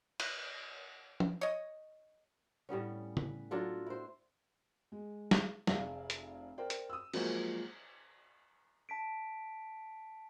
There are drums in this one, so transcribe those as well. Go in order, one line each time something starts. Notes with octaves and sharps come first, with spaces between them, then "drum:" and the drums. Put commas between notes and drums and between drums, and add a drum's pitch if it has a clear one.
B4, drum: cymbal
drum: tom
C#5 D#5
A2 G3 B3 C#4
B4, drum: tom
F#3 D4 F4 A4
E4 C5
G#3
drum: snare
F1 G#4 D5 E5 F5, drum: snare
drum: hi-hat
A#4 C5 D5 G5
drum: hi-hat
D#6 E6
F3 F#3 G#3 A#3 F#4 C5, drum: cymbal
A5 B6 D7